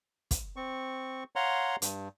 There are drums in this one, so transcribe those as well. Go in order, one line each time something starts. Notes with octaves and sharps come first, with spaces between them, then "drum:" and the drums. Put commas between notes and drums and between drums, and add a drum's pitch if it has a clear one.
drum: kick, hi-hat
C4 C#6
C#5 F5 F#5 A#5 C6
G2, drum: hi-hat